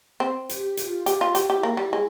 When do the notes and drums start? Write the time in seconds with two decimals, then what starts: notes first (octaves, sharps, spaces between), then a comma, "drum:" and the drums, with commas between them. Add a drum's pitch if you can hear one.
0.20 C4
0.49 G4, drum: hi-hat
0.77 F4, drum: hi-hat
1.06 G4, drum: hi-hat
1.21 F4
1.35 E4 G4, drum: hi-hat
1.50 G4
1.63 A#3
1.77 G3
1.93 G#3